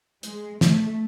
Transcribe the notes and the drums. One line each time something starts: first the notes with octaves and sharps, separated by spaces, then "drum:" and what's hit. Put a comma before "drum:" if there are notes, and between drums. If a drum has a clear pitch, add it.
G#3, drum: hi-hat
A3, drum: snare